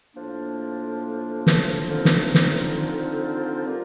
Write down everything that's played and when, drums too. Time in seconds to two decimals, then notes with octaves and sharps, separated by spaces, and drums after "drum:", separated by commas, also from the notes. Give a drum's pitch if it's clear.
0.14 A2 F3 A#3 D4
1.47 drum: snare
1.91 D3 F3 C4 D#4
2.05 drum: snare
2.35 drum: snare
3.66 G3 A#3 F4 A#4